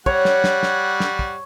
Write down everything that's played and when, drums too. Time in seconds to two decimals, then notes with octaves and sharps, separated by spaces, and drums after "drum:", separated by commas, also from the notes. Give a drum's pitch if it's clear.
0.06 G3 C#5 F#5, drum: kick
0.25 drum: snare
0.44 drum: snare
0.63 drum: snare
1.00 drum: snare
1.19 drum: kick